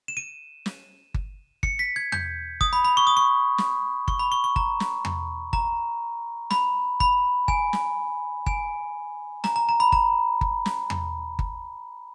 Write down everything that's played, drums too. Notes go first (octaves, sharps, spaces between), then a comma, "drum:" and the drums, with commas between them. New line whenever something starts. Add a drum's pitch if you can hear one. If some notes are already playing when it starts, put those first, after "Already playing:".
E7
D#7
drum: snare
drum: kick G1
C#7, drum: kick G1
B6
G#6
G6, drum: tom E2
D#6, drum: kick G1
B5
B5
C#6
D#6
C#6
drum: snare
C#6, drum: kick G1
B5
C#6
C#6
A#5, drum: kick G1
drum: snare
drum: tom E2
A#5, drum: kick G1
B5, drum: snare
B5, drum: kick G1
G#5, drum: kick G1
drum: snare
G#5, drum: kick G1
A#5, drum: snare
A#5
A#5
B5
A#5, drum: kick G1
drum: kick G1
drum: snare
drum: tom E2
drum: kick G1